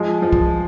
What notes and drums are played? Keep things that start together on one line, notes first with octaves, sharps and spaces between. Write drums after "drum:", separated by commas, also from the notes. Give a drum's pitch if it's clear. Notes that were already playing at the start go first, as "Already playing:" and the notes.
Already playing: F3 G#3
F3
drum: kick